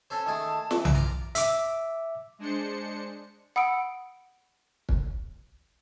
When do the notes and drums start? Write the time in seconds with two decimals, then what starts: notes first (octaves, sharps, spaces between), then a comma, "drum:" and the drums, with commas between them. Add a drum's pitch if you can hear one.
0.10 C#4 A4 C5 A5
0.26 D#3 A3 G#4
0.71 E3, drum: snare
0.85 drum: tom B1
0.95 F4 A#5 D6
1.35 E5 D6, drum: hi-hat
2.39 G#3 D4 C5 C#7
3.56 F#5 B5 D#6 E6 C#7 D7
4.89 drum: kick